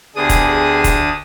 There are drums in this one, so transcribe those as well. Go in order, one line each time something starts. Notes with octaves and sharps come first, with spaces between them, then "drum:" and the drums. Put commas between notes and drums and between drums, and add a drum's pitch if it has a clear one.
D2 B3 D4 G4 G#4 D#6
drum: kick, hi-hat
drum: kick, hi-hat